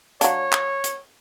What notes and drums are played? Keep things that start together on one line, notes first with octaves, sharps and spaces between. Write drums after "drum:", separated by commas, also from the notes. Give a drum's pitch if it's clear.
F#3 D4 C#5 F5, drum: hi-hat
drum: clap
drum: hi-hat